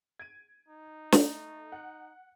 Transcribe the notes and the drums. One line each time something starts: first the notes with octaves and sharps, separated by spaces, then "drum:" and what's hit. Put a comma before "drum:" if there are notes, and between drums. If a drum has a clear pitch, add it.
G#6 D7 D#7
D#4
A3, drum: snare
F#5